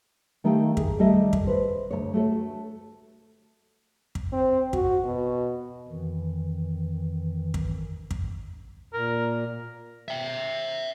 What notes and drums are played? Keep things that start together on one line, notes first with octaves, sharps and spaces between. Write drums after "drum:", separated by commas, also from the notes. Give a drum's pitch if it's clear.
D#3 A3 D#4 G4 F5 G5
G#4, drum: kick
D#3 G3 A3 A4 D#5 E5
drum: kick
B4 C5
D2 C3 C#5
A3 F#4 A4
drum: kick
C4
F#4, drum: kick
B2
F2 D#3 E3
drum: kick
drum: kick
A#2 A#4
E5 G5